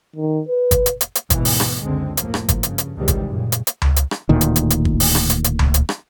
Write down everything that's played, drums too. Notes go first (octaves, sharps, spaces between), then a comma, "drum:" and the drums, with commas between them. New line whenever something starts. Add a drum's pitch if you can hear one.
D#3
B4
drum: kick G1, hi-hat
drum: hi-hat
drum: hi-hat
drum: hi-hat
D2 G#2 B2 E3, drum: kick G1, hi-hat
drum: open hi-hat
drum: rim click
F#1 C#2 D3 G#3 C4
F1 A2 F3 A#3, drum: hi-hat
drum: rim click
drum: kick G1, hi-hat
G2 C#3, drum: hi-hat
drum: hi-hat
C#2 C3 D#3 E3 G3 G#3
drum: kick G1, hi-hat
F#2 A#2 C#3
drum: hi-hat
drum: hi-hat
drum: tom C#2
drum: hi-hat
drum: rim click
D1 D2 A#2 D#3
drum: hi-hat
drum: hi-hat
drum: hi-hat
drum: kick G1
drum: open hi-hat
drum: rim click
drum: hi-hat
drum: hi-hat
drum: tom C#2
drum: hi-hat
drum: rim click